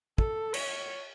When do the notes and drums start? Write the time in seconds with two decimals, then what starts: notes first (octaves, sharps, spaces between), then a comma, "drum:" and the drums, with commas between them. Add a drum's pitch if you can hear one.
0.18 A4, drum: kick
0.54 C#5, drum: cymbal